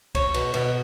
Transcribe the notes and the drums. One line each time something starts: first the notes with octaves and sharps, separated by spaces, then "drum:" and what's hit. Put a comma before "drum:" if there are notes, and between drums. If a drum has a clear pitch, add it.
C#5, drum: kick, cymbal
B2, drum: cymbal
B2, drum: cymbal